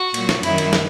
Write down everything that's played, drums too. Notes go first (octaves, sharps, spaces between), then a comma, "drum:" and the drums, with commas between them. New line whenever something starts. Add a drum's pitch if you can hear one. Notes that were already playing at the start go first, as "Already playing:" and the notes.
Already playing: F#4
A#2 F#3, drum: cymbal
drum: snare
F#2 D#3 F#3 E4, drum: cymbal
drum: cymbal
drum: snare